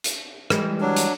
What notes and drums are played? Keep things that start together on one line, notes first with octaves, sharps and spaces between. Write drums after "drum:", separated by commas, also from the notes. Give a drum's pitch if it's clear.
drum: hi-hat
E3 G3 G#3, drum: rim click
F#3 D4
drum: hi-hat